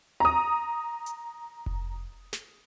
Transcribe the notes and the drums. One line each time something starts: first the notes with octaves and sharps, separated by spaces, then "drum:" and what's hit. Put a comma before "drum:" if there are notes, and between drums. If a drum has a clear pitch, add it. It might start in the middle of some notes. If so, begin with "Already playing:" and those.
A#5 D#6
drum: hi-hat
drum: kick F1
drum: snare